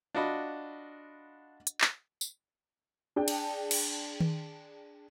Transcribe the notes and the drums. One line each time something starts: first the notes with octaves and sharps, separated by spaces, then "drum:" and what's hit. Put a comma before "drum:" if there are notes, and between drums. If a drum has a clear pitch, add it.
D4 F4 F#4 D#5 B5
drum: hi-hat
drum: clap
drum: tambourine
D4 G#4 G5 A5
drum: cymbal
drum: cymbal
drum: tom D#3